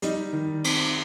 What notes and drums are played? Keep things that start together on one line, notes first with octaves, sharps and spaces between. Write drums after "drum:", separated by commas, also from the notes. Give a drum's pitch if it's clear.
G3 D#4, drum: hi-hat
D#3
C4, drum: cymbal